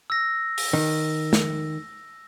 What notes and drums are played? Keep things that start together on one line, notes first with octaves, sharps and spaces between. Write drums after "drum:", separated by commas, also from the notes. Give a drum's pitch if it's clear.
E6 A#6
drum: open hi-hat
D#3
drum: snare